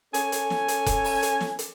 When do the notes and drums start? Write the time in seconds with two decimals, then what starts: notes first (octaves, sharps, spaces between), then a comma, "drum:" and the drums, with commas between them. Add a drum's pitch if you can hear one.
0.14 C#4 A4 G#5, drum: hi-hat
0.32 drum: hi-hat
0.50 drum: snare
0.68 drum: hi-hat
0.86 drum: kick F1, hi-hat
1.04 drum: open hi-hat
1.23 drum: hi-hat
1.41 drum: snare
1.59 drum: hi-hat